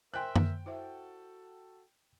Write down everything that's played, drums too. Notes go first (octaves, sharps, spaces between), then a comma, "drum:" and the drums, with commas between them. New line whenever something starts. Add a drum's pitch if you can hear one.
A#4 C5 E5 G5 G#5 C6 F#6
drum: tom F#2
E4 F#4 A4 C5 E5